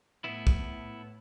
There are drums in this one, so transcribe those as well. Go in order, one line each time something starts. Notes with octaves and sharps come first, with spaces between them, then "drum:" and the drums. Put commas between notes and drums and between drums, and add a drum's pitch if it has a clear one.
A2 B3 E4
drum: kick